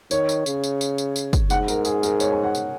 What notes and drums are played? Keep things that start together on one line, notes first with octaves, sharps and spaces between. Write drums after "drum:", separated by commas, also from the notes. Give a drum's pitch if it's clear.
D#3 C#5, drum: tambourine
drum: tambourine
C#3, drum: tambourine
drum: tambourine
drum: tambourine
drum: tambourine
drum: tambourine
drum: kick, tambourine
G#2 F#5, drum: tambourine
A#4, drum: tambourine
G#4, drum: tambourine
A#4, drum: tambourine
C#5, drum: tambourine
G#5
F#5
drum: tambourine